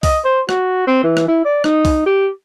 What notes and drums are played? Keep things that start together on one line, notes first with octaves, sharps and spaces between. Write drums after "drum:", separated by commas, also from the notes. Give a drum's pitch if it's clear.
D#5, drum: kick C2, open hi-hat
C5
F#4, drum: rim click
C4
E3
drum: rim click
E4
D5
D#4, drum: rim click
drum: kick C2, open hi-hat
G4